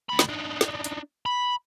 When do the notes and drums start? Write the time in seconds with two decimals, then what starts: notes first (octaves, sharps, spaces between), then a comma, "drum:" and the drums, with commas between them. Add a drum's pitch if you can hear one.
0.09 D2 B5
0.19 drum: snare
0.29 D4 D#4
0.61 drum: snare
0.84 drum: hi-hat
1.26 B5